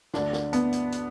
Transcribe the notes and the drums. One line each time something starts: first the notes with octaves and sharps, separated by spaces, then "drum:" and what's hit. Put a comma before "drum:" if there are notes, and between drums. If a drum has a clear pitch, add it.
D2 D3 D4, drum: snare
drum: snare
B3, drum: hi-hat
drum: hi-hat
drum: hi-hat